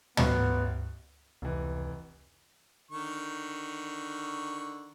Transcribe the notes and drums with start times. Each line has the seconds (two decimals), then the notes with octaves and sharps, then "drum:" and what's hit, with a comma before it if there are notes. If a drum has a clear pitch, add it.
0.17 A1 B3 F#4 F5, drum: tom
1.42 F1 C#2 E3
2.91 D3 D#3 C#6